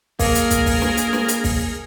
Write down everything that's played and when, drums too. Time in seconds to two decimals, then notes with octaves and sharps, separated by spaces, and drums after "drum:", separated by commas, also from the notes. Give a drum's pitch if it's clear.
0.19 A#3 G#4 A#4, drum: kick, open hi-hat
0.35 drum: hi-hat
0.51 drum: kick, hi-hat
0.66 drum: kick, open hi-hat
0.82 drum: snare
0.97 drum: hi-hat
1.13 drum: snare
1.28 drum: hi-hat
1.44 drum: kick, open hi-hat